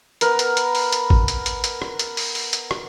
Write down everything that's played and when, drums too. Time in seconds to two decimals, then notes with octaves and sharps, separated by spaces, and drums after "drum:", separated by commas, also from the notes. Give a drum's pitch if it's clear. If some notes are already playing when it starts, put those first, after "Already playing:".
0.21 B3 A#4 B4, drum: hi-hat
0.39 drum: hi-hat
0.57 drum: hi-hat
0.75 drum: open hi-hat
0.92 drum: hi-hat
1.10 drum: kick G#1
1.28 drum: hi-hat
1.46 drum: hi-hat
1.64 drum: hi-hat
1.82 drum: rim click
1.99 drum: hi-hat
2.17 drum: open hi-hat
2.35 drum: open hi-hat
2.53 drum: hi-hat
2.71 drum: rim click